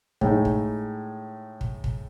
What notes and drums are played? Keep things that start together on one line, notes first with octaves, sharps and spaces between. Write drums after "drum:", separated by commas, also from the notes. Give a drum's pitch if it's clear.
A2 G#3 D#4, drum: kick
drum: kick
drum: kick
drum: kick